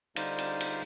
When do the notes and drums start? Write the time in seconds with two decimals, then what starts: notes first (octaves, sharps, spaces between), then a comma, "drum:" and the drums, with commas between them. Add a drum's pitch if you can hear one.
0.16 D3 G3 D#4 C5 D5 F5, drum: cymbal
0.38 drum: cymbal
0.60 drum: cymbal